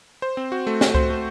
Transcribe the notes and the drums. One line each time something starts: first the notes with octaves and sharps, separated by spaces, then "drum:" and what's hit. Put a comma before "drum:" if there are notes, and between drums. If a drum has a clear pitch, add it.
C5
C4
F#4
A3
F#4, drum: snare
C5, drum: kick C#2
A3